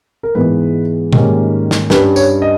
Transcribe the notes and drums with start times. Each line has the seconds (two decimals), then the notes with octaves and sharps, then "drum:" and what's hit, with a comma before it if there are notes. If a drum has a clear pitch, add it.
0.23 A#4
0.35 G#2 E3 G#3 B3 B4
1.13 G#2 D#3 G3 A#3 C#4, drum: tom B2
1.71 drum: snare
1.90 G2 G3 C#4 B4, drum: snare
2.16 C#5, drum: tambourine
2.42 D#5